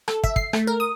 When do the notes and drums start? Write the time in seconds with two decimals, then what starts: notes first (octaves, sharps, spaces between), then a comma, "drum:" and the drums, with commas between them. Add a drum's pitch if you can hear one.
0.08 A4, drum: rim click
0.24 E5, drum: kick
0.36 C7, drum: kick
0.53 A3, drum: rim click
0.67 A#4
0.80 D#6